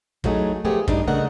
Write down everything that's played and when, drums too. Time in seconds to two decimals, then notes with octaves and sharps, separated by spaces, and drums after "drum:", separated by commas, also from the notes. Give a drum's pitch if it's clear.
0.24 E2 F#3 A3 D#4 G#4, drum: kick
0.65 F3 A3 B3 G4 G#4
0.88 G2 D4 D#4, drum: kick
1.08 C#3 A3 D4 A#4 D#5 F#5